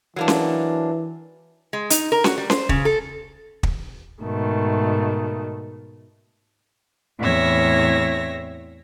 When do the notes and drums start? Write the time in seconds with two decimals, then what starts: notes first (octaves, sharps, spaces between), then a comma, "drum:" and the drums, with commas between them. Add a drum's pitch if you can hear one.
0.16 E3 F#3 A#3 D4
0.28 drum: snare C#4
1.73 G#3
1.90 D#4, drum: hi-hat
2.12 A#4
2.24 F#4, drum: snare C#4
2.38 G3
2.50 C5, drum: snare C#4
2.69 C#3, drum: kick
2.85 A4
3.63 drum: kick
4.23 G#2 B2 D#3 A3
7.20 E2 A2 C4 C#5 E5 A#6